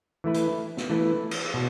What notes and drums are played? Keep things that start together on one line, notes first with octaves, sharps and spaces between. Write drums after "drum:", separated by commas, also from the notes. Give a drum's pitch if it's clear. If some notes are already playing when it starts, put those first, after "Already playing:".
E3 A3 E4 B4
drum: hi-hat
drum: snare
E3 A3 E4 B4
drum: cymbal
B2